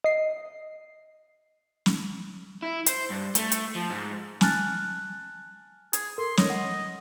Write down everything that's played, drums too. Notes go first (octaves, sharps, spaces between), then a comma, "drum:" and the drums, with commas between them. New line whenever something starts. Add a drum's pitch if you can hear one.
D#5 C7
drum: snare
E4
C5, drum: hi-hat
G2
A3, drum: hi-hat
drum: hi-hat
F3
G#2
G#5 A5 F6 F#6 A6, drum: snare
G#4, drum: hi-hat
A4 A#4 C6
C#5 D#5, drum: snare
F#5